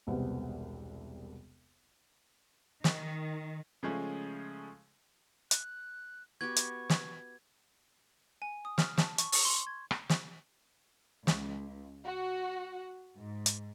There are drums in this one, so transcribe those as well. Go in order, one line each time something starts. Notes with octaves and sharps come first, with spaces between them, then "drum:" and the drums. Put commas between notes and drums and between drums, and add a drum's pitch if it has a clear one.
E1 C2 G3 B3 C4
D#3, drum: snare
C#3 F3 G#3 A3 C#4
F#6, drum: hi-hat
B3 F#4 G4 C#6 G#6
drum: hi-hat
drum: snare
G#5
D#6
F6, drum: snare
A5, drum: snare
C#6, drum: hi-hat
C#6, drum: open hi-hat
C6
G#6
drum: rim click
drum: snare
C#2, drum: snare
F#4
G#2
drum: hi-hat